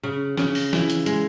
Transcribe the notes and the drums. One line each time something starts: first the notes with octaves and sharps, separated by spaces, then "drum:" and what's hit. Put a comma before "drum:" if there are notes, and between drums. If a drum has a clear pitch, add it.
C#3
C#3, drum: snare
drum: open hi-hat
E3, drum: snare
drum: hi-hat
G#3, drum: hi-hat